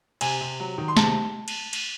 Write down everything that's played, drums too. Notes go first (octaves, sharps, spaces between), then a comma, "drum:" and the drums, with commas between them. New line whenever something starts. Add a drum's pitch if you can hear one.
C3 G#5, drum: cymbal
C3
F#3
D#3
C6
C3 A5, drum: snare
drum: cymbal
drum: cymbal